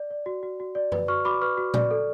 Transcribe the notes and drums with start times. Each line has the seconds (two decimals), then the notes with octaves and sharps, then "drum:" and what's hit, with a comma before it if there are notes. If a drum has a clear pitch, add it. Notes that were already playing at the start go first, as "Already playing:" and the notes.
Already playing: D5
0.10 D5
0.26 F#4
0.43 F#4
0.60 F#4
0.75 D5
0.92 B4, drum: tom F#2
1.08 F#4 C#6 F6
1.25 F#4 B5 D6
1.41 B4 C#6 F6
1.57 F#4
1.74 D5, drum: tom A#2
1.91 A4